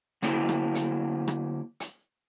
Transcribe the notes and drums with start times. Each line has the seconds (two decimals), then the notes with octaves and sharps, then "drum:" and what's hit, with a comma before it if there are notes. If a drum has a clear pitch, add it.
0.22 D3 F#3 A#3 E4 C5, drum: hi-hat
0.49 drum: rim click
0.75 drum: hi-hat
1.28 drum: rim click
1.80 drum: hi-hat